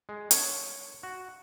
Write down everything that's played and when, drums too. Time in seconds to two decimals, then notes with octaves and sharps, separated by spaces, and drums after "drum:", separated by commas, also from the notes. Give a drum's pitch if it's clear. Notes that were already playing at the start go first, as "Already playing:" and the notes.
0.09 G#3
0.31 C#5, drum: hi-hat
1.03 F#4